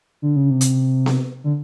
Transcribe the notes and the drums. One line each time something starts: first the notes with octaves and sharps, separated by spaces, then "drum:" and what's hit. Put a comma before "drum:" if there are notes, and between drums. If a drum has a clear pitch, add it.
D3
C#3
C3
drum: hi-hat
drum: snare B3
D3